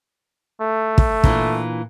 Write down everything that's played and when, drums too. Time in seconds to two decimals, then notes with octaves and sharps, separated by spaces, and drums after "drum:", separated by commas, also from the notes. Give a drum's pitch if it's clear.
0.61 A3
0.98 drum: kick
1.24 A#2 E3 D4, drum: kick